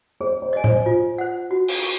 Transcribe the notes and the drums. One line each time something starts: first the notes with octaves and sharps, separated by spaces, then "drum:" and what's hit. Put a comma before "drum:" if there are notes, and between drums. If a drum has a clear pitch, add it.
G#4 C5
C5
D#5 G#5
C5, drum: tom A2
F4
C5 F#5
F#4
drum: open hi-hat
C#6